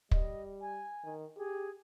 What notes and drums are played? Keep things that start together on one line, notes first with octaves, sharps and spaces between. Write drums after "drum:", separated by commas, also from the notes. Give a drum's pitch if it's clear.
G3 D#5, drum: kick
G#5
D#3
G4 G#4